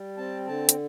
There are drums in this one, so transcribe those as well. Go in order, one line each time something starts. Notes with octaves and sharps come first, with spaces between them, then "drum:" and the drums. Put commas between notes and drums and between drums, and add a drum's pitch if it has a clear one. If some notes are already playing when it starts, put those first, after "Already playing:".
Already playing: G3
C4 A5
D3 A5
drum: hi-hat